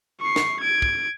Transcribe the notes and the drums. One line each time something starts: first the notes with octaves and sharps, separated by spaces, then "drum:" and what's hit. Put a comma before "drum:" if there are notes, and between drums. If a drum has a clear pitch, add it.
C#6 C7
drum: snare
G#6 D7
drum: kick